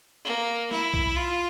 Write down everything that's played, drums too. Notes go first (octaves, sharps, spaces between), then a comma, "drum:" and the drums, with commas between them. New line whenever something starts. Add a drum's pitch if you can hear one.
A#3
E4, drum: snare
drum: kick B1
F4